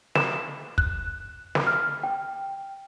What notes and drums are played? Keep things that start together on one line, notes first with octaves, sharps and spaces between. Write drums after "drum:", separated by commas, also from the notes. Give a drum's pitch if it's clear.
E7, drum: snare
F#6, drum: kick
drum: snare
F6
G5